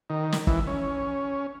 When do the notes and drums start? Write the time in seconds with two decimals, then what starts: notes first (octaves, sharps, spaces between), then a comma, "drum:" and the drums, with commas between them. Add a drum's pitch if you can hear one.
0.10 D#3
0.32 drum: snare
0.47 E3, drum: kick
0.67 C#4